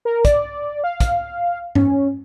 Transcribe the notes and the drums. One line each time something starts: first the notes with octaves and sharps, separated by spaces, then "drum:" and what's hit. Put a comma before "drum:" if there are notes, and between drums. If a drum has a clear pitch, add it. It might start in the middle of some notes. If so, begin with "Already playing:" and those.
A#4
D5, drum: kick, hi-hat
F5
drum: kick, hi-hat
C#4, drum: tom G2